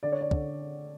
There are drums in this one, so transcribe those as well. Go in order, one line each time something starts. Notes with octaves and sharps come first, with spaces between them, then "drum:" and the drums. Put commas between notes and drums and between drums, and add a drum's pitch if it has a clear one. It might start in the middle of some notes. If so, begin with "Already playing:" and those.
D3 D5
C#5
D5
D3 C#5, drum: kick